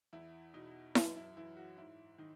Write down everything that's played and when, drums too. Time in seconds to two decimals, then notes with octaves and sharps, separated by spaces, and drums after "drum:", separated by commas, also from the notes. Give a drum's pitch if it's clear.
0.13 E2 E4
0.54 B2 D#4
0.95 F#2 E4, drum: snare E4
1.16 E4
1.37 E3 E4
1.57 F#4
1.78 G#2 E4
2.18 D#3 D#4